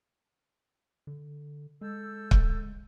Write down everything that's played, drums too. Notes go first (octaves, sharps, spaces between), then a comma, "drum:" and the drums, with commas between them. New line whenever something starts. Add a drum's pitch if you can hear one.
D3
G#3 A4 E6 G6
drum: kick